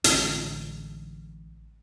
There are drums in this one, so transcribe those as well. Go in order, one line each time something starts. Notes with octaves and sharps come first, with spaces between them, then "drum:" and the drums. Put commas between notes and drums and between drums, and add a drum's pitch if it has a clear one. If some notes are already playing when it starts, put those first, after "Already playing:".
A1 A2 D3 G#3, drum: hi-hat